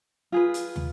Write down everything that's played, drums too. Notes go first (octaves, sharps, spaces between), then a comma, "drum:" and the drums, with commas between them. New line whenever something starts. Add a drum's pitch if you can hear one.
F4 G#4 B4
drum: hi-hat
drum: tom